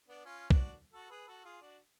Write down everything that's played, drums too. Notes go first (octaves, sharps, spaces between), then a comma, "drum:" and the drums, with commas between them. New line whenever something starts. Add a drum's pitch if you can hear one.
B3 D4
C#4 F4
D4 F#4, drum: kick B1
F#4 A4
G#4 B4
F#4 A4
F4 G#4
D4 F#4